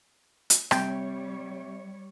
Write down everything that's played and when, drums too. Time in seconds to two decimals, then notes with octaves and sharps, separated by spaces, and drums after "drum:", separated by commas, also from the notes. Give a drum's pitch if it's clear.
0.50 drum: hi-hat
0.71 C3 G3 C#5 G5, drum: rim click